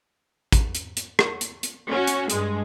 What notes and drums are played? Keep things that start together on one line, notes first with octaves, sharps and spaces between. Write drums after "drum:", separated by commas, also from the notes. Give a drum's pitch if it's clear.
drum: kick, hi-hat
drum: hi-hat
drum: hi-hat
drum: rim click
drum: hi-hat
drum: hi-hat
C#4 F#4
drum: hi-hat
G2 G#3, drum: hi-hat